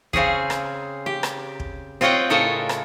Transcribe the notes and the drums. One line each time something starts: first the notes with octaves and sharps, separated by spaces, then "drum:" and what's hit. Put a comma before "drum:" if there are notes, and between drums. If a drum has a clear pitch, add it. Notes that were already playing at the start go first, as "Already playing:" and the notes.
C#3 C4 C#4 G#4, drum: kick
drum: rim click
G4
drum: rim click
drum: kick
C4 F4 C#5 D#5 F#5 G5
A2 C#3 A4 A#4 C#5 D#5
drum: rim click